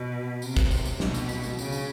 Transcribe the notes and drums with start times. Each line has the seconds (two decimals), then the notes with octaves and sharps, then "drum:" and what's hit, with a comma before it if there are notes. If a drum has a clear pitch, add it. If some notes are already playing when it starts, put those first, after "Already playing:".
Already playing: B2
0.42 C3, drum: tambourine
0.57 drum: kick, tambourine
0.71 drum: tambourine
0.85 drum: tambourine
1.00 B2, drum: snare
1.14 drum: tambourine
1.29 drum: tambourine
1.43 drum: tambourine
1.59 C#3, drum: tambourine
1.72 drum: tambourine